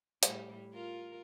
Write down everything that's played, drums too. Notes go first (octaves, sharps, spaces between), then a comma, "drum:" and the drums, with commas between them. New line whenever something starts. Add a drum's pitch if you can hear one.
A2 G3, drum: hi-hat
F4 A#4